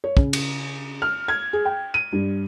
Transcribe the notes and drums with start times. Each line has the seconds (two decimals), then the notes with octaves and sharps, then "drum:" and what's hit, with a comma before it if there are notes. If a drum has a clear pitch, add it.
0.04 C#5
0.17 C#3, drum: kick
0.33 drum: cymbal
1.02 F6
1.28 G#6
1.53 G#4
1.65 G5
1.94 D#7
2.13 G2